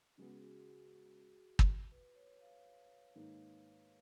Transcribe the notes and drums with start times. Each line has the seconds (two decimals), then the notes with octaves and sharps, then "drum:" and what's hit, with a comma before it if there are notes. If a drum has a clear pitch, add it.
0.17 C#3 G#3 B3 F#4
0.29 G#4
0.41 F#4
1.59 drum: kick
1.92 B4
2.15 C#5
2.40 F5
3.15 G#2 D#3 A#3 D#4